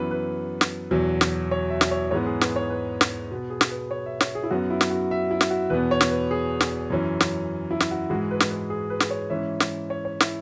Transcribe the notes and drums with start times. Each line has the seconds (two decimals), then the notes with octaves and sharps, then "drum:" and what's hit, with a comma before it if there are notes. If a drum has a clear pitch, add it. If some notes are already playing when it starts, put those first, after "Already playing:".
Already playing: F#2 E3 B3 B4
0.11 B4
0.61 drum: snare
0.91 E2 B2 F#3
1.21 drum: snare
1.51 C#5
1.70 E5
1.81 drum: snare
1.91 C#5
2.11 G#2 E3 G#3 B3 C#5
2.26 G#4
2.41 B4, drum: snare
2.56 C#5
2.70 B4
3.01 drum: snare
3.31 B2 B3
3.50 G#4
3.61 drum: snare
3.71 B4
3.91 C#5
4.06 E5
4.21 C#5, drum: snare
4.35 G#4
4.43 E4
4.50 F#2 F#3 B3 F#4
4.70 E4
4.81 drum: snare
4.90 F#4
5.11 E5
5.31 E4
5.41 drum: snare
5.50 F#4
5.70 E2 B2 B3 B4
5.91 C#5
6.01 drum: snare
6.11 B4
6.31 G#4
6.61 drum: snare
6.90 F#2 E3 C#4
7.20 drum: snare
7.71 E4
7.80 drum: snare
7.91 F#4
8.10 G#2 E3 G#3 F#4
8.31 B4
8.40 drum: snare
8.51 B4
8.70 G#4
8.90 B4
9.00 drum: snare
9.11 C#5
9.30 G#2 E3 C#4 E5
9.60 drum: snare
9.90 C#5
10.05 C#5
10.20 E4, drum: snare